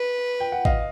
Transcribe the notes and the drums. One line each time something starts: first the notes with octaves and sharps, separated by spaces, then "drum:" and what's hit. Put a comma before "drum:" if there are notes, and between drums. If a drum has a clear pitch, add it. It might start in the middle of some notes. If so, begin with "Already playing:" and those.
Already playing: B4
G5
F#5
D#5 F5, drum: kick